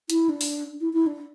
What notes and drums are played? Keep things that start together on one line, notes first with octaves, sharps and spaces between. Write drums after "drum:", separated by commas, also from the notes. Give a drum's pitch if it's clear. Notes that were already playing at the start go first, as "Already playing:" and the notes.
E4, drum: hi-hat
D4
drum: open hi-hat
E4
E4
D4